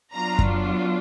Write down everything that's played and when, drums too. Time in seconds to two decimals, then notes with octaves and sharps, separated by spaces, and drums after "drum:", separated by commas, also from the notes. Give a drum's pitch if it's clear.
0.14 F#3 B3 D4 F4 A#5
0.39 drum: kick F#2